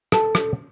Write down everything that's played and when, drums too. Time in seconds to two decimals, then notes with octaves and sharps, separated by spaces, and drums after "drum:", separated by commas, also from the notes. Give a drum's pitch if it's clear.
0.12 A4, drum: rim click
0.35 drum: rim click